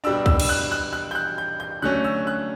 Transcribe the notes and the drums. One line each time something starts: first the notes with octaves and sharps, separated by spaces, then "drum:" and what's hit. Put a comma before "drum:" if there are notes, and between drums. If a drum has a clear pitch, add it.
B2 G3 D4 E6
E6, drum: kick
drum: cymbal
F#6
F#6
F#6
G6
F#6
G6
G6
D3 F#3 A3 C#4 F#6
E6
F#6